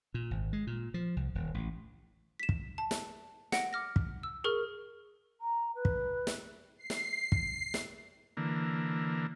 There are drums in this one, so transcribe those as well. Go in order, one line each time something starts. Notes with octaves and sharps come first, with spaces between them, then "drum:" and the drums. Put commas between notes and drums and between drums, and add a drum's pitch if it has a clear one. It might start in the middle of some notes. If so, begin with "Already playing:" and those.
A#2
G#1
G#3
A#2
F3
C2
D#1
A1
B6 E7
drum: kick
A5
drum: snare
F#5 A#6 D7, drum: snare
D6 F6 A#6
drum: kick
E6
G#4 A#4 C#6 F6
A#5
B4
drum: kick
drum: snare
C7
drum: snare
drum: kick
drum: snare
D3 E3 A#3